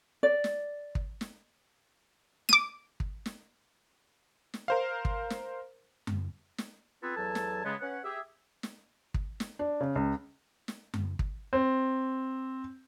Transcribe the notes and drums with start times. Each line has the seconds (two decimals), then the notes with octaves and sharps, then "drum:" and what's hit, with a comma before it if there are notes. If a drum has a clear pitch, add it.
0.23 D5
0.44 drum: snare
0.95 drum: kick
1.21 drum: snare
2.49 D6 D#7, drum: snare
3.00 drum: kick
3.26 drum: snare
4.54 drum: snare
4.68 A#4 C5 F5
5.05 drum: kick
5.30 drum: snare
6.07 drum: tom F#2
6.58 drum: snare
7.03 B3 C4 F4 G#4 A4 B4
7.17 E2 F#3 A4 G#5 A5
7.35 drum: snare
7.64 C#3 G#3 B3
7.81 C#4 B4 C#5 F#5
8.04 G4 G#4 E5
8.63 drum: snare
9.14 drum: kick
9.40 drum: snare
9.59 D4
9.80 C#3
9.96 C#2
10.68 drum: snare
10.94 drum: tom F#2
11.19 drum: kick
11.53 C4